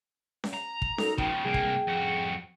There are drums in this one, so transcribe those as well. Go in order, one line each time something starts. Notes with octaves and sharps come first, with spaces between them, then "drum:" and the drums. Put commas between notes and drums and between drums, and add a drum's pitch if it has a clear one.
drum: snare C#4
A#5
drum: kick
D#4 F#4 A4 A#4, drum: snare C#4
C#3 F3 G5, drum: kick
C2 A#3 G#4
drum: kick
F2 F#4